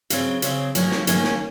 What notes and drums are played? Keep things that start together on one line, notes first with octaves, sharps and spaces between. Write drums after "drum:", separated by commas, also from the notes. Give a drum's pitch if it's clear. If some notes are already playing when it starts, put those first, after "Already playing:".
C#3 F#3 C4, drum: hi-hat
C#3 F#3 C4, drum: hi-hat
D#3 F#3 A#3 C#4, drum: hi-hat
drum: snare
D#3 F#3 A#3 C#4, drum: hi-hat
drum: snare